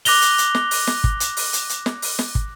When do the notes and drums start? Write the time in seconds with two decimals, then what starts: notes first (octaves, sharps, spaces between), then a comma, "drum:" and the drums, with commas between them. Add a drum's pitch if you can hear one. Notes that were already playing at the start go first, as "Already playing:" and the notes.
0.05 D6 F#6 A#6 F7 G7, drum: open hi-hat
0.22 drum: hi-hat
0.38 drum: hi-hat
0.55 drum: snare
0.71 drum: open hi-hat
0.87 drum: snare
1.04 drum: kick
1.20 drum: hi-hat
1.37 drum: open hi-hat
1.53 drum: hi-hat
1.69 drum: hi-hat
1.86 drum: snare
2.02 drum: open hi-hat
2.19 drum: snare
2.35 drum: kick